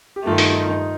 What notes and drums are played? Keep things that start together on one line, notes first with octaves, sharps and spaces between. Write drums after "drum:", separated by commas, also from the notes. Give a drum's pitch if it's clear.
G4
G2 D#3 A3 F4
D#4, drum: open hi-hat
D#4
D#4